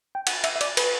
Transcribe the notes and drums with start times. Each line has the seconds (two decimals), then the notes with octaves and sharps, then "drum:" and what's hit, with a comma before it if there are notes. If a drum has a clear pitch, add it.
0.15 G5
0.27 F#5, drum: cymbal
0.44 E5, drum: cymbal
0.56 E5
0.61 D5, drum: cymbal
0.77 B4, drum: cymbal